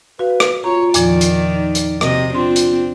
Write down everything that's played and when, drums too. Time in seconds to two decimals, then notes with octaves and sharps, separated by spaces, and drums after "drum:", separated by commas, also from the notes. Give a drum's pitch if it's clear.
0.19 F#4 B4 F5
0.40 drum: rim click
0.64 F4 C#5 A#5
0.94 E2 A#2 D#3 F3 D5, drum: hi-hat
1.21 drum: hi-hat
1.53 D#4
1.75 drum: hi-hat
2.01 C3 F#4 D#5, drum: rim click
2.35 C4 D4 F4 C6
2.56 drum: hi-hat